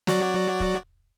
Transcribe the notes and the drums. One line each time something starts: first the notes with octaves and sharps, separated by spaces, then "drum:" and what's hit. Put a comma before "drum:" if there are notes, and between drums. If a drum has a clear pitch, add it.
F#3 F#4 D5, drum: snare
drum: kick